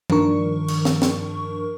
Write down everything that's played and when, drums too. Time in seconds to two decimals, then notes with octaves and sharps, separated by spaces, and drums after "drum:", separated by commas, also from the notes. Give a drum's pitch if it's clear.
0.10 G2 D#3 F3 D4 A#4 C#6, drum: tom D#3
0.68 drum: cymbal
0.85 drum: snare
1.02 drum: snare